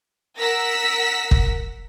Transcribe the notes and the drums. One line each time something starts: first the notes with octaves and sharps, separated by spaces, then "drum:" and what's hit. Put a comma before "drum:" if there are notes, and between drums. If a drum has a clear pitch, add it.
A#4 F#5 E6 A#6 B6
drum: kick